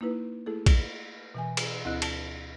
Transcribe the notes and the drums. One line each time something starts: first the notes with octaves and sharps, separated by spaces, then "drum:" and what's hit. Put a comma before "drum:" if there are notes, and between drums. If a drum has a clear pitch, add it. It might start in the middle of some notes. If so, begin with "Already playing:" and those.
A#3 D#4 E4 B4
A3 E4 G#4 A4
drum: kick, cymbal
B2 E3 G#5
drum: cymbal
D2 C4 E4 D#5 F#6
A5, drum: cymbal